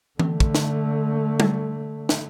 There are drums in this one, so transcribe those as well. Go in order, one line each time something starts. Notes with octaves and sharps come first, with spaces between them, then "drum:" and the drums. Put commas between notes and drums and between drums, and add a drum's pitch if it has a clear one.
D3 A3, drum: tom E3
drum: kick
drum: snare
drum: tom
drum: snare